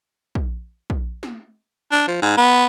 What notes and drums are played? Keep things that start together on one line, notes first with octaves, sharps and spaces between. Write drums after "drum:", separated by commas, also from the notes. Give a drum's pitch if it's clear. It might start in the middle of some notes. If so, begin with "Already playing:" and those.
drum: kick
drum: kick
drum: snare
D4
F3
G#2
B3